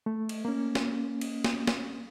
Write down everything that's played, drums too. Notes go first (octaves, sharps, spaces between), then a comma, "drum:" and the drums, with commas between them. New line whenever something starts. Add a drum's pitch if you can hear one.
A3
drum: cymbal
A#3 C#4
drum: snare
drum: cymbal
drum: snare
drum: snare